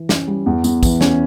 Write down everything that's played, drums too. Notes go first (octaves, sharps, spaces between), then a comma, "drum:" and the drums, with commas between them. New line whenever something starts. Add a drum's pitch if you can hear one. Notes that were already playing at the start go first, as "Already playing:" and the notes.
Already playing: E3
C#4, drum: snare
G3
E2
E2, drum: tambourine
E3, drum: kick, tambourine
C#4, drum: snare